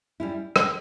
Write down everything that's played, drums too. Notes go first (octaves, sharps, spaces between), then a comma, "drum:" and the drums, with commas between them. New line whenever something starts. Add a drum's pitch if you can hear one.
G3 C#4 E4
drum: rim click